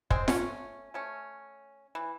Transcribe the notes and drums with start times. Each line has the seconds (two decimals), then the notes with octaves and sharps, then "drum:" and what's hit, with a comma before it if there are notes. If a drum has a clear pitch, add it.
0.10 G#3 C4, drum: kick
0.28 A3 C#4, drum: snare F4
0.94 A3 C#4
1.95 E3